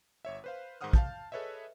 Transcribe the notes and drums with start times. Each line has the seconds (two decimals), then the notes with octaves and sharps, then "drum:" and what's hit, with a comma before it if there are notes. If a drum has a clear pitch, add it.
0.25 G1 C#5 E5
0.44 B4 C5 F5
0.81 G#2 D#3 C5 F#5 D#6 F6
0.93 F5 A5 G6, drum: kick
1.32 G#4 A4 B4 C#5 D#5 E5